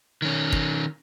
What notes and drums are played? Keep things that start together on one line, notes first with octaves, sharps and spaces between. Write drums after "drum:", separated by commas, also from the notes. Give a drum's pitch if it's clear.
D#3 C#4
drum: kick